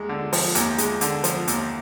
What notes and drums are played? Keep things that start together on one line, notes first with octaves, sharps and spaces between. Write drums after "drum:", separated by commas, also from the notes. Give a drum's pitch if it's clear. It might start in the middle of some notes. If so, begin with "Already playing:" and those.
Already playing: D#2 G#3
D3
F3, drum: open hi-hat
D#2, drum: hi-hat
G#3, drum: hi-hat
D3, drum: hi-hat
F3, drum: hi-hat
D#2, drum: hi-hat